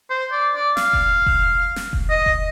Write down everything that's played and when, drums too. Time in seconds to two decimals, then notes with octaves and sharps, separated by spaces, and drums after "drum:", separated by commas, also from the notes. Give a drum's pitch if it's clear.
0.10 C5
0.32 D5
0.55 D5
0.77 F5, drum: snare
0.93 drum: kick F1
1.26 drum: kick F1
1.76 drum: snare
1.93 drum: kick F1
2.10 D#5
2.26 drum: kick F1